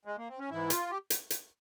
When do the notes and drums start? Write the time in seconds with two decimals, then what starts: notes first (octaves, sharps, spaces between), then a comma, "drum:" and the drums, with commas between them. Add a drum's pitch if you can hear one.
0.05 G#3
0.17 A#3
0.28 C4
0.39 C#4
0.50 G#2 E3 E4
0.70 F4, drum: hi-hat
0.90 G4
1.10 drum: hi-hat
1.30 drum: hi-hat